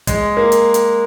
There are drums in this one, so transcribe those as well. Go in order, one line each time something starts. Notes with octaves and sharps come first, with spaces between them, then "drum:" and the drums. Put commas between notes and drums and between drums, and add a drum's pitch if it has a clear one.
G#3, drum: kick, hi-hat
A#3
drum: hi-hat
drum: hi-hat